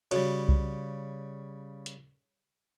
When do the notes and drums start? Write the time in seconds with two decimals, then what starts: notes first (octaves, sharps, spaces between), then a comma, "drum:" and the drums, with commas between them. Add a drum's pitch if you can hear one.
0.11 C#3 G3 F#4 C#5 D5, drum: cymbal
0.49 drum: kick C2
1.86 drum: hi-hat